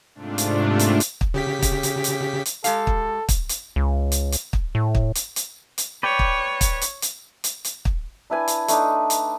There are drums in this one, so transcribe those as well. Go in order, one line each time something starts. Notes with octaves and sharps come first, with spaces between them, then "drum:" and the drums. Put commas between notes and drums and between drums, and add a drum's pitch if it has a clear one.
G#2 C3 A3 D4 F4
drum: hi-hat
drum: hi-hat
drum: hi-hat
drum: kick
C#3 G4 B6
drum: kick, hi-hat
drum: hi-hat
drum: hi-hat
drum: hi-hat
G#3 G4 A4 F5, drum: hi-hat
drum: kick
drum: kick, hi-hat
drum: hi-hat
C#2
drum: hi-hat
drum: hi-hat
drum: kick
A2
drum: kick
drum: hi-hat
drum: hi-hat
drum: hi-hat
B4 C#5 D5 G5
drum: kick
drum: kick, hi-hat
drum: hi-hat
drum: hi-hat
drum: hi-hat
drum: hi-hat
drum: kick
D4 E4 B4 G#5
drum: hi-hat
A3 D4 D#4, drum: hi-hat
drum: hi-hat